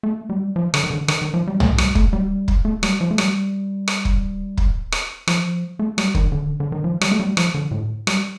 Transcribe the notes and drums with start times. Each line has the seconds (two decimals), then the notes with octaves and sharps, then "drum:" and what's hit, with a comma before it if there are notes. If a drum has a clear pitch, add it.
0.03 A3
0.30 G3
0.56 F3
0.74 D3, drum: rim click
0.84 D#3
0.91 D3
1.08 D#3, drum: rim click
1.22 D#3
1.34 F3
1.47 G3
1.60 A3, drum: tom
1.78 G3, drum: rim click
1.95 A3, drum: kick
2.13 G3
2.48 drum: kick
2.65 A3
2.83 G3, drum: rim click
3.01 F3
3.11 A3
3.18 G3, drum: rim click
3.88 drum: rim click
4.05 drum: kick
4.57 drum: kick
4.92 drum: rim click
5.28 F3, drum: rim click
5.79 A3
5.98 G3, drum: rim click
6.15 D#3, drum: kick
6.32 D3
6.60 D3
6.72 D#3
6.84 F3
7.01 G3, drum: rim click
7.12 A3
7.20 G3
7.37 F3, drum: rim click
7.54 D3
7.71 A2
8.07 G3, drum: rim click